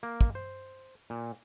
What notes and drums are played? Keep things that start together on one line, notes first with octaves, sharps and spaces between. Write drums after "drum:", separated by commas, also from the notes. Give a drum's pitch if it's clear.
A#3
drum: kick
C5
A#2